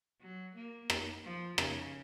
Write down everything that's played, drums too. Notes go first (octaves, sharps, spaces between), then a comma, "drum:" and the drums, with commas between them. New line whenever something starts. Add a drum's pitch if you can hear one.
F#3
A#3
drum: rim click
F3
C#3, drum: rim click